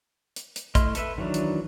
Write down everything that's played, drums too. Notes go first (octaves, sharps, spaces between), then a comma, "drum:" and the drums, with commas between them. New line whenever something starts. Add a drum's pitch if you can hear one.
drum: hi-hat
drum: hi-hat
A3 E4 D#5 C6 F6, drum: kick, hi-hat
A4 B4 E5, drum: hi-hat
D#3 E3 F#3 D4
drum: hi-hat